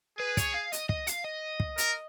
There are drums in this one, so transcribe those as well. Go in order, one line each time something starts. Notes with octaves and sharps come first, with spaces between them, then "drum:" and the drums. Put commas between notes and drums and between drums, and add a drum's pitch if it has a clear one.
G#4 B4
C#5, drum: kick, hi-hat
F5
D#5, drum: hi-hat
D#5, drum: kick
F5, drum: hi-hat
D#5
drum: kick
A#4, drum: hi-hat